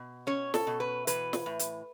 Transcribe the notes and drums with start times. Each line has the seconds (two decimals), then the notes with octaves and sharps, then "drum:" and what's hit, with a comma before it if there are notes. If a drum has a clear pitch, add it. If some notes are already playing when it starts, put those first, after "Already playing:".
Already playing: B2
0.27 C#4 C#5
0.54 A4, drum: snare
0.67 B2
0.80 B4
1.07 E3 B4, drum: hi-hat
1.33 drum: snare
1.46 A2
1.59 drum: hi-hat